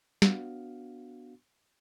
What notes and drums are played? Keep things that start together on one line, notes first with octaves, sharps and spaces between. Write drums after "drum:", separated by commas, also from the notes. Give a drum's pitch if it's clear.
B3 D4 F#4 F5, drum: snare